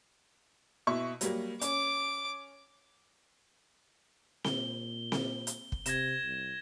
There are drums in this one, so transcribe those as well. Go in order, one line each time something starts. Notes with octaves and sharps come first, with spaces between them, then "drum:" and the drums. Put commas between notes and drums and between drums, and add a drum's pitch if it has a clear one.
B2 E4 C#6
F#3 G3 A#3, drum: hi-hat
C#4 D6, drum: hi-hat
A#2 G7, drum: snare C4
drum: snare C4
drum: hi-hat
drum: kick
C3 G#6 A#6 E7, drum: hi-hat
C2